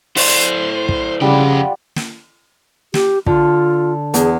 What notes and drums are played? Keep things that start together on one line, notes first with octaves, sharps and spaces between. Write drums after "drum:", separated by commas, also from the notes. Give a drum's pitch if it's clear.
E4 A4 C5 D5, drum: open hi-hat
drum: kick
F2 C#3 G3 F4 G4 F#5
drum: snare
G4, drum: snare
D3 F4, drum: kick
E2 G#4, drum: hi-hat